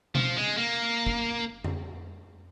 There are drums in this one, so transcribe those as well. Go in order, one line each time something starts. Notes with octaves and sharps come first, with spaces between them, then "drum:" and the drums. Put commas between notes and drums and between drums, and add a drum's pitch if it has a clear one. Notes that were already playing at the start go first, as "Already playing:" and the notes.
F3, drum: tom B2
G#3
A#3
drum: kick
drum: tom F2